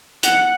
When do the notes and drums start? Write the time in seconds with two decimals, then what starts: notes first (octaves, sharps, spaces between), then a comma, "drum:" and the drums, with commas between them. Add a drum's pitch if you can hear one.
0.23 F#5, drum: hi-hat